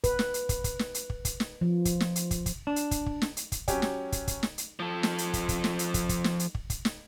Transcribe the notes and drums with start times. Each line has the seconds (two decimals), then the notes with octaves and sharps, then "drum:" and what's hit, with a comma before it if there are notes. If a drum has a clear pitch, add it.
0.04 B4, drum: kick, hi-hat
0.19 drum: snare
0.34 drum: hi-hat
0.49 drum: kick, hi-hat
0.64 drum: kick, hi-hat
0.79 drum: snare
0.94 drum: hi-hat
1.10 drum: kick
1.25 drum: kick, hi-hat
1.40 drum: snare
1.61 F3
1.85 drum: kick, hi-hat
2.00 drum: snare
2.16 drum: hi-hat
2.31 drum: kick, hi-hat
2.46 drum: kick, hi-hat
2.67 D4
2.76 drum: hi-hat
2.91 drum: kick, hi-hat
3.06 drum: kick
3.22 drum: snare
3.37 drum: hi-hat
3.52 drum: kick, hi-hat
3.68 F#3 C#4 G4, drum: kick, hi-hat
3.82 drum: snare
4.12 drum: kick, hi-hat
4.28 drum: kick, hi-hat
4.43 drum: snare
4.58 drum: hi-hat
4.79 F3 A4
5.03 drum: snare
5.18 drum: hi-hat
5.33 drum: kick, hi-hat
5.49 drum: kick, hi-hat
5.64 drum: snare
5.79 drum: hi-hat
5.94 drum: kick, hi-hat
6.09 drum: kick, hi-hat
6.24 drum: snare
6.39 drum: hi-hat
6.55 drum: kick
6.70 drum: kick, hi-hat
6.85 drum: snare